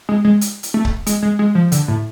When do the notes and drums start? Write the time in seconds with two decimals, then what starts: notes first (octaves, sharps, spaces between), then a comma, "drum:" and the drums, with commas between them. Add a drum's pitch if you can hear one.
0.09 G#3
0.25 G#3
0.41 drum: hi-hat
0.63 drum: hi-hat
0.74 A3
0.85 drum: kick C#1
1.07 G#3, drum: hi-hat
1.23 G#3
1.39 G#3
1.55 F3
1.72 D3, drum: hi-hat
1.88 A2